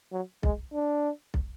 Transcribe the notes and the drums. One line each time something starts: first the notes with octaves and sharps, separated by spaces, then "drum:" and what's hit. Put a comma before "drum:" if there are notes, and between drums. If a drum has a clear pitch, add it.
F#3
G#3, drum: kick B1
D4
drum: kick B1